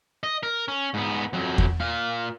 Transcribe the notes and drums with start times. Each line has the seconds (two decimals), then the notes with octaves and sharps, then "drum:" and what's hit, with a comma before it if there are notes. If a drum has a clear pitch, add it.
0.24 D#5
0.43 A#4
0.68 C#4
0.94 G#2 B3
1.33 F2 F#3
1.58 drum: kick E2
1.80 A#2 F5